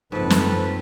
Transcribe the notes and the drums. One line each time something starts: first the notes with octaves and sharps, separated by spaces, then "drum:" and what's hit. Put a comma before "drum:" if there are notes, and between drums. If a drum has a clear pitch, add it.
F#1 G#2 F3 C4 A4 B4
drum: snare